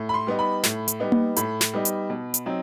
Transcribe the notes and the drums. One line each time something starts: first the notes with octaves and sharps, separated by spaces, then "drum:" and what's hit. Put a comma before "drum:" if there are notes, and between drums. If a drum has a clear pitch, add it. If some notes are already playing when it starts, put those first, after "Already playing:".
Already playing: A2
B5
C6
G3 B3 D#4
B5
A2, drum: snare
drum: hi-hat
G3 B3 D#4
drum: tom A#3
A2 B5, drum: hi-hat
drum: snare
G3 B3 D#4
drum: hi-hat
B2
drum: hi-hat
F#3 C4 D#4